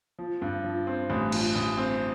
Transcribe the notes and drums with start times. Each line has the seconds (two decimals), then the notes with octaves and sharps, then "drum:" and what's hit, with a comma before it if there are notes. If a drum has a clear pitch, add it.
0.19 F3
0.42 G2
0.64 F3
0.87 C4
1.10 A1
1.32 F3, drum: cymbal
1.55 A1
1.78 C4